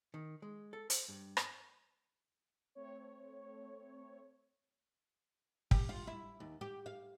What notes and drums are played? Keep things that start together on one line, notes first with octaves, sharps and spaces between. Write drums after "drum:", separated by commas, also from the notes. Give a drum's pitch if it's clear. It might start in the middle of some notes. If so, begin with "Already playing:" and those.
D#3
G#3
A4
C5, drum: hi-hat
G2
drum: rim click
A3 C4 C#5
G4, drum: kick
F4
E4
D#2
G4
F5